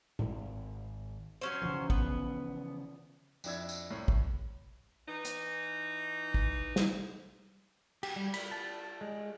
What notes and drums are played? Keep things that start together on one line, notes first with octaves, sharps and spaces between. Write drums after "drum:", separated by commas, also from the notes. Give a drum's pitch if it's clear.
G#1, drum: tom A2
F#3 C#4 C5
C#3 E3 F3
B3, drum: kick
F2 D4 E4 E6 G#6, drum: tambourine
drum: tambourine
C2 A2 C#5 C7
drum: kick
E3 D#4
drum: hi-hat
drum: kick
drum: snare
G4, drum: cymbal
G3
B5, drum: cymbal
A5
G#3